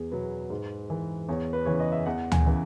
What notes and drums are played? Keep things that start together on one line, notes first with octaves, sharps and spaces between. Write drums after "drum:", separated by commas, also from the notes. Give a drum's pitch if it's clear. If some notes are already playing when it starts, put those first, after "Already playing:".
Already playing: E2 G#4
B2 F#3 B4
G#2
E3
E2 C#5
B4
C#3 E3 C#5
D#5
E5
E2 F#5
G#5, drum: tom D2
C#3 E3